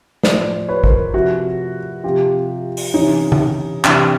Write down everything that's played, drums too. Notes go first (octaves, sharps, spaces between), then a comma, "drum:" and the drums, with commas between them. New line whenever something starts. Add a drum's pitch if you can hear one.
A2 F3 C5 D5, drum: snare
B4 C#5
A#4 C5, drum: kick G#1
C3 F3 E4 F#4
C3 F3 F4 G4
drum: open hi-hat
C3 E3 C#4 D#4
drum: tom C#3
C3 E3 C4 D4, drum: clap